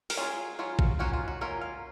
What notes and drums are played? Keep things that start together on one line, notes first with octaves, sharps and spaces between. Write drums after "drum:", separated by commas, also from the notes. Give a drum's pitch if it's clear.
A#4, drum: open hi-hat
F#3 C#4 F4 G#4
F#3 C#4 F4
drum: kick A1
F#3 A#3 C#4 F4 F#4
F4
F#4
F#3 A#3 C#4 F4 A#4
F5